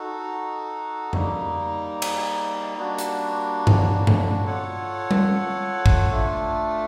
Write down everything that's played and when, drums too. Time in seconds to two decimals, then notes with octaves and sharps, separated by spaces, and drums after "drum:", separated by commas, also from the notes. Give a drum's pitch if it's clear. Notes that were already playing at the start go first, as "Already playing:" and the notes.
Already playing: D#4 F#4 A4
1.13 G3 A#3 D#4, drum: tom F2
2.02 drum: cymbal
2.78 G3 A#3 D4 F#4
2.98 drum: hi-hat
3.67 drum: tom G2
4.07 drum: tom G2
4.45 F4 A4 C#5 F#5
5.11 drum: tom G3
5.86 drum: kick
6.10 A3 D4 F4 A4